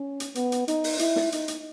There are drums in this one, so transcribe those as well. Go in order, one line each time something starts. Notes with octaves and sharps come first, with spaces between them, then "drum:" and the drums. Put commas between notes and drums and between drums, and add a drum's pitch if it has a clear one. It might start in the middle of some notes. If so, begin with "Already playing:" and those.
Already playing: C#4
drum: hi-hat
B3, drum: hi-hat
drum: hi-hat
D#4, drum: hi-hat
drum: open hi-hat
E4, drum: hi-hat
drum: snare
D#4, drum: hi-hat
drum: hi-hat